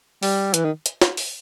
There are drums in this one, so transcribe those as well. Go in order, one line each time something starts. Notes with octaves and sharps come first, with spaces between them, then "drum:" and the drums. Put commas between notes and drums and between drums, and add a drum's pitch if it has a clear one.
G3, drum: open hi-hat
E3, drum: hi-hat
D#3
drum: hi-hat
drum: snare
drum: open hi-hat